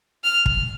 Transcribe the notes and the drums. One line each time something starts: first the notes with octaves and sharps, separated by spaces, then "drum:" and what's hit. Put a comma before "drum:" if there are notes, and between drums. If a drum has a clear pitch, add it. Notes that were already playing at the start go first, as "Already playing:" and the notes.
F6
drum: kick